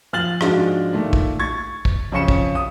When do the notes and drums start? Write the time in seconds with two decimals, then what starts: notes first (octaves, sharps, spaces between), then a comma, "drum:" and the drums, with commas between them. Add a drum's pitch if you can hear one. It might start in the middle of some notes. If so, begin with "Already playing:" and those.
0.13 F3 F6 A6 F#7
0.41 G#2 F3 G#3 D4 F4 F#4, drum: rim click
0.93 A#2 D#3 A3
1.13 drum: kick
1.39 C#6 G#6 A6
1.85 drum: kick
2.12 F2 C#3 C#4 C#6 C#7 E7
2.28 drum: kick
2.55 D#6